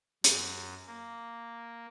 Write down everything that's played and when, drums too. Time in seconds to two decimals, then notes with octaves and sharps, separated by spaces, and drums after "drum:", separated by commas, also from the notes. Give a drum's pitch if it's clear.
0.24 F#2, drum: hi-hat
0.87 A#3